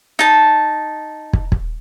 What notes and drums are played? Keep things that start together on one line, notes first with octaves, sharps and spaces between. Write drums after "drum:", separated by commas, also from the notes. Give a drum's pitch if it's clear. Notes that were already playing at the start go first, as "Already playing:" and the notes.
D#4 A5
drum: kick
drum: kick